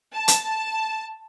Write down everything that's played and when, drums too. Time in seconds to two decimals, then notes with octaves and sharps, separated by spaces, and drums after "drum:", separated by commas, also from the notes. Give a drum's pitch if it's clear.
0.13 A5
0.28 drum: hi-hat